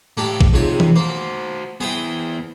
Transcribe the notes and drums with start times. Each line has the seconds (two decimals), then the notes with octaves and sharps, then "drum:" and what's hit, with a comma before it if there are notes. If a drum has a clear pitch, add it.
0.17 A2 A#3 D4 G4
0.41 drum: kick
0.53 A#1 G#2 C3 C#5
0.80 drum: tom E3
0.96 A#3 F#4 C5
1.81 B3 E4 G#4 C5 G5